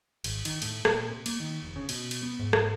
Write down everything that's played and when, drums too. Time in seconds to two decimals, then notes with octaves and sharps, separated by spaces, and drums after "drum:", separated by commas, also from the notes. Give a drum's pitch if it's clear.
0.24 G#1, drum: cymbal
0.45 D#3, drum: cymbal
0.62 A2, drum: cymbal
0.85 A#2, drum: rim click
1.09 C3
1.26 A#3, drum: cymbal
1.40 D#3
1.63 F1
1.76 C#3
1.89 B2, drum: cymbal
2.11 drum: cymbal
2.23 B3
2.39 G#2
2.53 drum: rim click